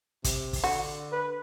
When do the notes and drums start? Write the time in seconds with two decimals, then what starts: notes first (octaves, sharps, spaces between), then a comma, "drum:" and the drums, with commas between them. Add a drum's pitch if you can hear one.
0.24 C3, drum: kick, hi-hat
0.53 drum: kick, open hi-hat
0.64 D3 F#4
1.12 B4